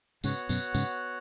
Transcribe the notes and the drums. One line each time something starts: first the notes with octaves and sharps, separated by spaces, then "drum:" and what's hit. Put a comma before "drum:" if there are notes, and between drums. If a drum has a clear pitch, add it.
G#2 C#3 B3 F#4 C#5 F#5, drum: tambourine
F#2 B2, drum: tambourine
G#2 C#3, drum: tambourine